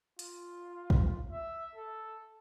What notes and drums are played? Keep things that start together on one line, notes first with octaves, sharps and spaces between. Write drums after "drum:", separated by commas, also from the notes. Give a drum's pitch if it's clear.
F4, drum: hi-hat
drum: kick
E5
A4